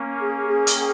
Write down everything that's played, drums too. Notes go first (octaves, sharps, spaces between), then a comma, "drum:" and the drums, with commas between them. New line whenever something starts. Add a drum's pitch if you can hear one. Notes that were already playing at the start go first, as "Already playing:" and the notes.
Already playing: A#3 C#4
G#4
G#4
drum: hi-hat
G5